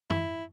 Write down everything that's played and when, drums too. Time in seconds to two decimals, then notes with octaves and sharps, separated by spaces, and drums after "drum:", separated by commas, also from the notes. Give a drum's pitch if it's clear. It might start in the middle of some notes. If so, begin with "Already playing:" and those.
0.10 E4, drum: tom